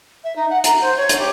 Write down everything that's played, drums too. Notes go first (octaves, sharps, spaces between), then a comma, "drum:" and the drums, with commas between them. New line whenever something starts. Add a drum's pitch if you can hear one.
E5
D#4
F#5
A#5, drum: hi-hat
C5
C#5
drum: hi-hat
G4